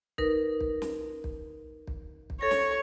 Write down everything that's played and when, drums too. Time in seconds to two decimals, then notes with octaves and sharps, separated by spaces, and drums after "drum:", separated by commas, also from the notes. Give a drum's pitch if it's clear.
0.18 D#4 A#4 B4, drum: kick
0.60 drum: kick
0.82 drum: snare
1.24 drum: kick
1.87 drum: kick
2.30 drum: kick
2.41 A4 C#5 A#6
2.51 drum: snare